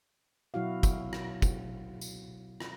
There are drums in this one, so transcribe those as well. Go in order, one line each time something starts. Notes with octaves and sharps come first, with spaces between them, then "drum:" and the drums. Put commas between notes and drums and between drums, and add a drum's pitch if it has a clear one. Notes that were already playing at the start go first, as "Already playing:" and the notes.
B2 F#3 E4 F#4 F5
drum: kick, tambourine
drum: rim click
drum: kick, tambourine
drum: tambourine
drum: rim click